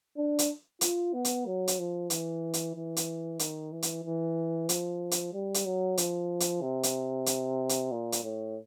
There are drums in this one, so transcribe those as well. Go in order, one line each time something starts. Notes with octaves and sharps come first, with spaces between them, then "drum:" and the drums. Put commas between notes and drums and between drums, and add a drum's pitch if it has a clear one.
D4
drum: hi-hat
F4, drum: hi-hat
B3
drum: hi-hat
F#3
drum: hi-hat
F3
E3, drum: hi-hat
drum: hi-hat
E3
drum: hi-hat
D#3, drum: hi-hat
E3
drum: hi-hat
E3
F3, drum: hi-hat
drum: hi-hat
G3
drum: hi-hat
F#3
F3, drum: hi-hat
drum: hi-hat
C3
drum: hi-hat
drum: hi-hat
drum: hi-hat
A#2
drum: hi-hat
A2